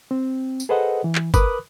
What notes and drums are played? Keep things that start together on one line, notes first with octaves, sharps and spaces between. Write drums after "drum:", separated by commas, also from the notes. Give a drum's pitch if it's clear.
C4
drum: tambourine
G#4 A4 B4 C5 D#5 F#5
E3
drum: clap
A#4 B4 B5 D6 D#6 F#6, drum: kick, tambourine